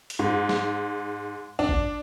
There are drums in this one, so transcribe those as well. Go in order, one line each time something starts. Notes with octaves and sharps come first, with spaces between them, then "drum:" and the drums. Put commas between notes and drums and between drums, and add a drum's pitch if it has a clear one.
drum: hi-hat
G#2
drum: snare
D4
drum: kick